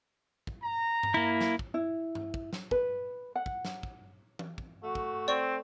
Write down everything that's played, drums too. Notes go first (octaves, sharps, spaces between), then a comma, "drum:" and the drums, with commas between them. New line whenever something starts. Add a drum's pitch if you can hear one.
drum: kick
A#5
drum: tom G2
A#3 E4
drum: snare
drum: kick
E4
drum: tom G2
drum: kick
drum: snare
B4, drum: kick
F#5
drum: kick
drum: snare
drum: kick
drum: tom E3
drum: kick
A3 F#4
drum: kick
C4 D5 C#6